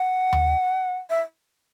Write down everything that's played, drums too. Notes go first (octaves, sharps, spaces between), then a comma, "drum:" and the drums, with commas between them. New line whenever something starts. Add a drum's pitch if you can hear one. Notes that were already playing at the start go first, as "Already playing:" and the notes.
Already playing: F#5
drum: tom D#2
E5